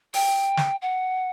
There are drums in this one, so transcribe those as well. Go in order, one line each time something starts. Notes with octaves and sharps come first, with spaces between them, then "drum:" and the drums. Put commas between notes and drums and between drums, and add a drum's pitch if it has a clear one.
G5, drum: open hi-hat
drum: snare
F#5